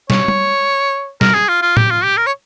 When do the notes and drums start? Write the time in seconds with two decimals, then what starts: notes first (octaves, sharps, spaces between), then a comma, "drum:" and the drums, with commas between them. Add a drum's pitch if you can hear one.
0.10 C#5, drum: snare
0.28 drum: tom G3
1.21 A#4, drum: snare
1.34 G#4
1.48 F4
1.62 F4
1.77 G4, drum: tom A2
1.91 F4
2.04 G4
2.17 A#4
2.26 C#5